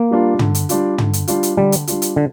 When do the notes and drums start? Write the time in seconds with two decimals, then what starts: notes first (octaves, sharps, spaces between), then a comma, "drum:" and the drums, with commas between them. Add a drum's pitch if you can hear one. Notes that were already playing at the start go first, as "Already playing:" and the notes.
Already playing: A#3
0.11 G3 D4 F4
0.39 D3, drum: tom
0.55 drum: hi-hat
0.69 G3 D4 F4, drum: hi-hat
0.98 D3, drum: tom
1.13 drum: hi-hat
1.28 G3 D4 F4, drum: hi-hat
1.43 drum: hi-hat
1.57 D3 G3
1.72 drum: hi-hat
1.87 G3 D4 F4, drum: hi-hat
2.02 drum: hi-hat
2.16 D3